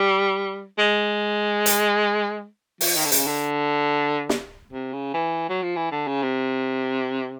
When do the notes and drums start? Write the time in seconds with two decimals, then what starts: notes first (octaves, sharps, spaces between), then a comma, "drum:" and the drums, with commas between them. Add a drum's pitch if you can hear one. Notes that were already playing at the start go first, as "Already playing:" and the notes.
Already playing: G3
0.78 G#3
1.66 drum: hi-hat
2.81 F3, drum: open hi-hat
2.96 D#3
3.05 D3
3.12 C#3, drum: hi-hat
3.27 D3
4.29 drum: snare
4.72 C3
4.93 C#3
5.14 E3
5.49 F#3
5.62 F3
5.76 E3
5.91 D3
6.07 C#3
6.22 C3